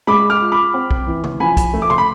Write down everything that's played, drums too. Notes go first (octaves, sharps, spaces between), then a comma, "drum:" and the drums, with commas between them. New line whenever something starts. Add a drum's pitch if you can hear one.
G#3 B5 D6
D6 F6
F4
B5 D6
C4
drum: kick
E3
drum: tom C3
F3 G#5 B5
drum: kick, hi-hat
A3
D6
C6, drum: tom C3
B5